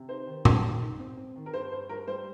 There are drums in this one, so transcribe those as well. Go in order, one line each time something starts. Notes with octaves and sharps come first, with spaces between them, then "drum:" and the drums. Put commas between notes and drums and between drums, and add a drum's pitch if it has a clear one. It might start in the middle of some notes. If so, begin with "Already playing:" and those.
Already playing: C3
D#4 C5
D#3
D#3, drum: tom A#2
D#3
D#4
C4
C4
D#3
A#4
G2 C5
G2 C5
G2 A#4
G3 C5